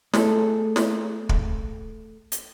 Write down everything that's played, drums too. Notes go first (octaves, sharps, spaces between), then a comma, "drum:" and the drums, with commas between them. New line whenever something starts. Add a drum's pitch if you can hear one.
A3 G#4 A4, drum: snare
drum: snare
drum: kick
drum: hi-hat